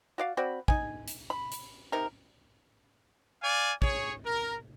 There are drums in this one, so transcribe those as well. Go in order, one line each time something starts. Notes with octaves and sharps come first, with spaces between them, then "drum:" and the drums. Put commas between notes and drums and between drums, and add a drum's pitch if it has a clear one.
F#4 D5 F5
C4 F#4 D5 B5
D#4 G#5, drum: kick
drum: hi-hat
B5
drum: hi-hat
C3 D#4 A#4
D5 F5 G#5
G#4 C#5, drum: kick
A#4